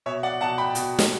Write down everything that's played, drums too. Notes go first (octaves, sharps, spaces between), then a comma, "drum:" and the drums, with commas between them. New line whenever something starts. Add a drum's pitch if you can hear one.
B2 C#5 E5
D5 F#5
B2 F#5 A5
G5 B5
B2, drum: hi-hat
drum: snare